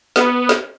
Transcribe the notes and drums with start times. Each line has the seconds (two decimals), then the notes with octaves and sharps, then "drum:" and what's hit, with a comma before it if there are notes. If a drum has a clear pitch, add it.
0.16 B3, drum: snare
0.49 drum: snare